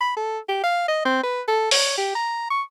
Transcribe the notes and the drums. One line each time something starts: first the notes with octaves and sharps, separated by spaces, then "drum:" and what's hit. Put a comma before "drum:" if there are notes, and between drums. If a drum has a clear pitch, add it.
B5
A4
G4
F5
D#5
C4
B4
A4
C#5, drum: open hi-hat
G4
A#5
C#6